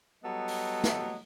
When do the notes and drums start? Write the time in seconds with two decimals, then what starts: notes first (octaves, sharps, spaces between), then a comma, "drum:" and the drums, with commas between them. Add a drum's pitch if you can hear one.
0.24 F#3 G3 B3 A4 D#5
0.48 drum: open hi-hat
0.84 drum: snare